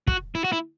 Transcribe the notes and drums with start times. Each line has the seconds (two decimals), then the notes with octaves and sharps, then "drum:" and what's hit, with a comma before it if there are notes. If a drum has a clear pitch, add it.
0.07 F#4, drum: kick
0.35 E4
0.44 F#4
0.53 E4